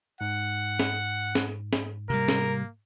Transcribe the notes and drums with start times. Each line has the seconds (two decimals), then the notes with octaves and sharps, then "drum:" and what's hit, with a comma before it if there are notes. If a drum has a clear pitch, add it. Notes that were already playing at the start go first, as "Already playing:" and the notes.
0.21 G#2 F#5
0.80 drum: snare
1.35 drum: snare
1.73 drum: snare
2.10 C3 G3 A#3 A#4
2.28 drum: snare